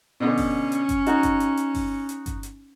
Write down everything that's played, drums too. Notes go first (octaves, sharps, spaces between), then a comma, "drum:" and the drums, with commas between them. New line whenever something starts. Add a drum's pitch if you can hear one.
B2 D3 C#4
drum: kick G1, open hi-hat
drum: hi-hat
drum: kick G1, hi-hat
D#4 F#4, drum: hi-hat
drum: kick G1, hi-hat
drum: hi-hat
drum: hi-hat
drum: kick G1, open hi-hat
drum: hi-hat
drum: kick G1, hi-hat
drum: hi-hat